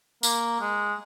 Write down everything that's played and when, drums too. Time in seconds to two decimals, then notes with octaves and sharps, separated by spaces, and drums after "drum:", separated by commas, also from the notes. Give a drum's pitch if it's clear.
0.23 A#3, drum: tambourine
0.60 G#3